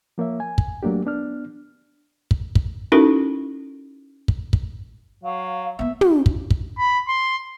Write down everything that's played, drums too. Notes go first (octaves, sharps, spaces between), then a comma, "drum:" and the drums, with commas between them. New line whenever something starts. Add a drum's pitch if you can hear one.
F3 A#3 C#5 E5
G#5
drum: kick
F#3 A3 A#3 D4 G4
B3 D4 F6
drum: kick
drum: kick
C#4 D#4 E4 F#4 A4 A#4
drum: kick
drum: kick
F#3 F5
A#3 B3 E5
drum: tom
drum: kick
drum: kick
B5
C6